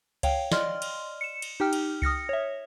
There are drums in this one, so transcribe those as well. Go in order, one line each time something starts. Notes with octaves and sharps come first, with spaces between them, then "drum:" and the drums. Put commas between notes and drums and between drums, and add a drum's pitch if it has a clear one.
C#5 F5 G5, drum: kick C#2, cymbal
D5 D#5 C6 F6, drum: snare
drum: cymbal
C#7 E7
drum: cymbal
D#4 G4 G5 F6
drum: cymbal
D#6 F6 A#6 C#7, drum: kick C#2
C#5 E5